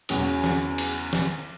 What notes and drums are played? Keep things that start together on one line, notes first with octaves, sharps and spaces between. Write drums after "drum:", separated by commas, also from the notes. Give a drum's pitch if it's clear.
E2 C#3 F#3 C#4, drum: cymbal
drum: snare
drum: cymbal
drum: snare